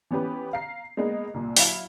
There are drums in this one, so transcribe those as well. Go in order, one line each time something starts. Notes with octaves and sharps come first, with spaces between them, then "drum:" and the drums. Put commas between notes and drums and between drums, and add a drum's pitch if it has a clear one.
E3 B3 C#4 G4 B4
F5 A#5 C7
G#3 A#3 B3 D#4
C2 A#2
F#3 E4 E5 F5, drum: open hi-hat